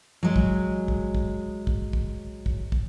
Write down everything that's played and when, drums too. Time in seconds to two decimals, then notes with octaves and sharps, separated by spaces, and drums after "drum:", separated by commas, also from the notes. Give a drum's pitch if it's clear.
0.23 F#3 G#3
0.36 drum: kick
0.88 drum: kick
1.15 drum: kick
1.67 drum: kick
1.93 drum: kick
2.46 drum: kick
2.72 drum: kick